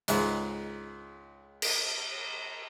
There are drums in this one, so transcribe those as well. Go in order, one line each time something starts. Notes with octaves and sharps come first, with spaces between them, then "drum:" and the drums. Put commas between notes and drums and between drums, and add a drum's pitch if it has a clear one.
C#2 G#2, drum: hi-hat
drum: cymbal